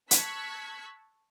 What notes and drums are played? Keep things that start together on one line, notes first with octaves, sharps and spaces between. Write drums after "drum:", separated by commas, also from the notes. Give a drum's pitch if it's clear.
A5 C#6 E6 F#6 G#6 B6, drum: hi-hat